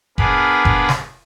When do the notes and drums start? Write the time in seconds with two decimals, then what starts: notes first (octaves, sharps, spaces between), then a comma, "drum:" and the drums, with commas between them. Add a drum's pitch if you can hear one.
0.18 B3 D4 G#4 A#4 F5 B5, drum: kick F1
0.65 drum: kick F1
0.89 drum: snare